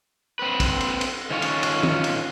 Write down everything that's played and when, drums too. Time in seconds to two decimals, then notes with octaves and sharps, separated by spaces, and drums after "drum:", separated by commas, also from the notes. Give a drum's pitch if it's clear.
0.39 C4 B4
0.60 drum: kick, cymbal
0.80 drum: cymbal
1.01 drum: cymbal
1.30 D#3 C#4 F4 C#5
1.42 drum: cymbal
1.63 drum: cymbal
1.83 drum: tom D#3
2.04 drum: cymbal